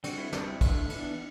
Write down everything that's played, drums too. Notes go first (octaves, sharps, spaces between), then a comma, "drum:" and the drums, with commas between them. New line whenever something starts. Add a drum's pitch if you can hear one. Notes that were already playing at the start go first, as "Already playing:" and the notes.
D3 G3 C4 F#4, drum: cymbal
E4
G3 C4 D4, drum: snare
E4
D3 A3 D4 E4, drum: kick, cymbal
E3 B3 D4, drum: cymbal